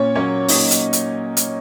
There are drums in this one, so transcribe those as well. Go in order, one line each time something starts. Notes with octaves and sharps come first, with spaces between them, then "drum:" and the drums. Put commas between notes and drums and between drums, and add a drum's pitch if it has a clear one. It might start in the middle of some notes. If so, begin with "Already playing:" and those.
Already playing: A#2 C#4 C#5
F#3 A#3 C#4 C#5
A#2 D#4 D#5, drum: open hi-hat
drum: hi-hat
drum: hi-hat
drum: hi-hat